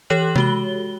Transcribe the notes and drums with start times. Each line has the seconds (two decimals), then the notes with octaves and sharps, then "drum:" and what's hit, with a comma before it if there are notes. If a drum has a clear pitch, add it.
0.10 E3 G4 A4 C#5 F#6 F#7
0.36 G#3 F#4 G7, drum: tom C3